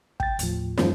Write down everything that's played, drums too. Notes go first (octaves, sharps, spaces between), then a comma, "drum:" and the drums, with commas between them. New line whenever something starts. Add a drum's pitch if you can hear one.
G5 A6, drum: kick
D#2 A2 F3, drum: hi-hat
F#2 D#3 F3 G#3 C#4, drum: snare